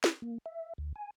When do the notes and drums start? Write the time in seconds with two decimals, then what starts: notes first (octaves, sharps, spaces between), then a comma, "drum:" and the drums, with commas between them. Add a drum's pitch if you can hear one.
0.04 drum: snare
0.22 A#3
0.46 E5
0.78 D2
0.96 G#5